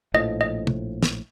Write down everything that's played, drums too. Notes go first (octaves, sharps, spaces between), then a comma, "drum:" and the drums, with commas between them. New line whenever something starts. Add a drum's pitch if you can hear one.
A#1 A2 F3 D#5
D#5
drum: tom
drum: snare